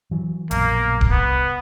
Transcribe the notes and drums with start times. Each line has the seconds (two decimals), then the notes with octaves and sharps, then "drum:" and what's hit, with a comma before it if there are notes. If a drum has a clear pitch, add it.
0.11 E3 F#3
0.51 A#1 F#2 B2 A#3, drum: hi-hat
1.01 drum: kick D1
1.10 C2 B3